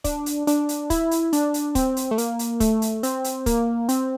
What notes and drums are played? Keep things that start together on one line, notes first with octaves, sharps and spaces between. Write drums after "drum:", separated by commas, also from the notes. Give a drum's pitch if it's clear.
D4, drum: kick, hi-hat
drum: hi-hat
D4, drum: hi-hat
drum: hi-hat
E4, drum: kick, hi-hat
drum: hi-hat
D4, drum: hi-hat
drum: hi-hat
C4, drum: kick, hi-hat
drum: hi-hat
A3
A#3, drum: hi-hat
drum: hi-hat
A3, drum: kick, hi-hat
drum: hi-hat
C4, drum: hi-hat
drum: hi-hat
A#3, drum: kick, hi-hat
C4, drum: hi-hat